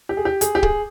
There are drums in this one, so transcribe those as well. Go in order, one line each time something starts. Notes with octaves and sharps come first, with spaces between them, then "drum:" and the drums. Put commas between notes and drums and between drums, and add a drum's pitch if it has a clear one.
G4
G#4
G4
G#4, drum: hi-hat
G4
G#4, drum: kick